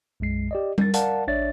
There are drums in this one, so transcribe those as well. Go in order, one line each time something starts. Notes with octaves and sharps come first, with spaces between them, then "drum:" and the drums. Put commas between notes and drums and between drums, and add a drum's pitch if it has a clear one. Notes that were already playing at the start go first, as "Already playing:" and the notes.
B1 F#2 G#3 C7
G4 D5 D#5
A#4 A6, drum: tom G3
A#4 D5 F5 F#5 A5, drum: hi-hat
A1 D4 C#5 D5 E5 A6